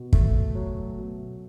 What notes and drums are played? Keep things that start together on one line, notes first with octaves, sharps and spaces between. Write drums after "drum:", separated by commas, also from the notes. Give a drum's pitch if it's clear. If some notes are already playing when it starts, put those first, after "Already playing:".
Already playing: B2
A3, drum: kick
F#3
B2